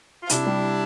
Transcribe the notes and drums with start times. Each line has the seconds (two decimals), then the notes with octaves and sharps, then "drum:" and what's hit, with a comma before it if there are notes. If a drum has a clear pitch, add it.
0.23 F4
0.29 C2 D4 E4, drum: hi-hat
0.46 G3